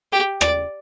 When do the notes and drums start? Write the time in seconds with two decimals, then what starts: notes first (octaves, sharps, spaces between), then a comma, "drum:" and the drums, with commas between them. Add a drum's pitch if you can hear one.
0.12 G4
0.41 D5, drum: rim click